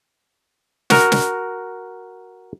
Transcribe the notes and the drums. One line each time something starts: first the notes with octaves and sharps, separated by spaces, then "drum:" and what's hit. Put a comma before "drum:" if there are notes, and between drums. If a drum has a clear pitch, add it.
F#4 A#4, drum: snare
drum: snare